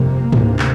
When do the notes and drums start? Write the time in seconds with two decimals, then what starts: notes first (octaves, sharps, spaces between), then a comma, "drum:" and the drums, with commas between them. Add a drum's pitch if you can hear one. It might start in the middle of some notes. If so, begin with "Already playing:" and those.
Already playing: G1 F2 C3 A#3
0.32 D2 C3, drum: tom G#2
0.59 drum: clap